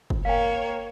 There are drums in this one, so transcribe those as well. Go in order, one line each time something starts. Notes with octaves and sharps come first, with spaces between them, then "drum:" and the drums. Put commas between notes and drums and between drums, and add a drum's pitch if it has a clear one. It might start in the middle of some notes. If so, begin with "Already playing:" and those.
drum: kick
A#3 C#5 F5 G5